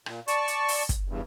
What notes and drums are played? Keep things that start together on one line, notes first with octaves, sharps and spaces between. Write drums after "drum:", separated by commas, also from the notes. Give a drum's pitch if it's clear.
A#2, drum: rim click
D5 A5 C#6, drum: hi-hat
drum: hi-hat
drum: open hi-hat
drum: kick, hi-hat
E2 G2